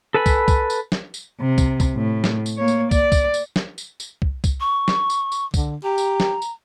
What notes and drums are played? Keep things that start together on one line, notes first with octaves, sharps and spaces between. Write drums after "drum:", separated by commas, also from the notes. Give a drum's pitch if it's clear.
A4 B4 G#5 B5
drum: kick, tambourine
drum: kick, tambourine
drum: tambourine
drum: snare
drum: tambourine
C3
drum: kick, tambourine
drum: kick, tambourine
A2
drum: snare
drum: tambourine
A#3 C#5
drum: tambourine
D5, drum: kick, tambourine
drum: kick, tambourine
drum: tambourine
drum: snare
drum: tambourine
drum: tambourine
drum: kick
drum: kick, tambourine
C#6
drum: snare
drum: tambourine
drum: tambourine
D3, drum: kick, tambourine
G4 A#5
drum: tambourine
drum: snare
drum: tambourine